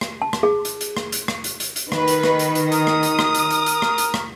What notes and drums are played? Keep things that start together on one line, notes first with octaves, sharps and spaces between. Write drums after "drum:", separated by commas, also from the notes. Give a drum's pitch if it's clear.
drum: rim click
A5
drum: rim click
G#4
drum: hi-hat
drum: hi-hat
drum: rim click
drum: hi-hat
drum: rim click
drum: hi-hat
drum: hi-hat
drum: hi-hat
D#3 B4, drum: rim click
drum: hi-hat
drum: rim click
drum: hi-hat
drum: hi-hat
A#4 D#6, drum: hi-hat
drum: rim click
drum: hi-hat
drum: rim click
drum: hi-hat
drum: hi-hat
drum: hi-hat
drum: rim click
drum: hi-hat
drum: rim click